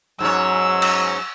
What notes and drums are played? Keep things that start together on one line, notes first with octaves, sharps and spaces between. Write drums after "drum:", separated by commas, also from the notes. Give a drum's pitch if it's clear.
G#2 F#3 C#4 E6
drum: cymbal